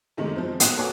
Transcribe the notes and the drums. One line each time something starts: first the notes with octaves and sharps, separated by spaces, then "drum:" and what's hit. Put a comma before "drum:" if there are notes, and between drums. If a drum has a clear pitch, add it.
F#2 C3 D#3 G#3 A3
F3 G#3 C4
A#2 A#3 F#5 D#6 F#6, drum: hi-hat
F#4 A4 B4 C#5 G#5 D6